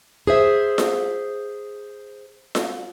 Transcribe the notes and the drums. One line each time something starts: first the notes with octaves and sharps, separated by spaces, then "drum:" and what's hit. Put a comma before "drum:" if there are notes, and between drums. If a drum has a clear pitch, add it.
G#4 C5 E5
drum: snare F4
drum: snare F4